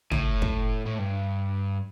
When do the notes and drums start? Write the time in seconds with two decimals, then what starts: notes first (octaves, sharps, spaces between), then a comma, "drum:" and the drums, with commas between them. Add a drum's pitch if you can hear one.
0.11 A2, drum: tom
0.42 drum: kick
0.86 A2
0.98 G2